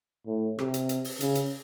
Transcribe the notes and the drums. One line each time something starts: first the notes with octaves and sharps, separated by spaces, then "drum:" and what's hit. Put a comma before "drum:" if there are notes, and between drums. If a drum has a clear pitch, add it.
A2
C3, drum: rim click
drum: hi-hat
drum: hi-hat
drum: open hi-hat
C#3, drum: hi-hat
drum: hi-hat